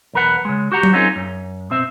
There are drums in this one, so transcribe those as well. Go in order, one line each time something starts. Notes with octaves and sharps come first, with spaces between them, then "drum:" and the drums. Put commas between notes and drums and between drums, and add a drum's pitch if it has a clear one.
B1 E2 A#4 B4 F#5 B5
C#3 G#3
F#4 G4 F#5 A#5
drum: tom F#3
C4 C#4 D#4 F4 G#4 A#4
F#2
B2 C4 E5